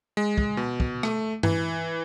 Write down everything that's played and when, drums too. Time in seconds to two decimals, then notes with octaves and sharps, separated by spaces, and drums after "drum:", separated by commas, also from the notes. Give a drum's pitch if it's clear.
0.17 G#3
0.38 drum: kick
0.57 B2
0.80 drum: kick
1.03 A3, drum: rim click
1.43 E3, drum: tom G2